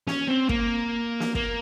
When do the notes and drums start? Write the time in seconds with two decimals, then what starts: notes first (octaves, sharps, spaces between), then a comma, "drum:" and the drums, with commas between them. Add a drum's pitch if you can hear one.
0.07 C#4, drum: snare
0.28 C4
0.49 A#3, drum: kick
1.20 drum: snare
1.35 A#3, drum: kick